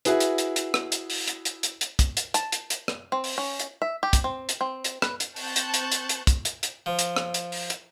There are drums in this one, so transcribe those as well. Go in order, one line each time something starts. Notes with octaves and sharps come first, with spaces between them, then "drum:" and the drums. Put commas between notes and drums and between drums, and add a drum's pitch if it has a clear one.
E4 F#4 G#4 B4, drum: hi-hat
drum: hi-hat
drum: hi-hat
drum: hi-hat
drum: rim click
drum: hi-hat
drum: open hi-hat
drum: hi-hat
drum: hi-hat
drum: hi-hat
drum: hi-hat
drum: kick, hi-hat
drum: hi-hat
A5, drum: hi-hat
drum: hi-hat
drum: hi-hat
drum: rim click
C4
drum: open hi-hat
C#4
drum: hi-hat
E5
G4
drum: kick, hi-hat
C4
drum: hi-hat
C4
drum: hi-hat
B4, drum: rim click
drum: hi-hat
C4 A5 C#6 F#6 G6, drum: open hi-hat
drum: hi-hat
drum: hi-hat
drum: hi-hat
drum: hi-hat
drum: kick, hi-hat
drum: hi-hat
drum: hi-hat
F3
drum: hi-hat
drum: rim click
drum: hi-hat
drum: open hi-hat
drum: hi-hat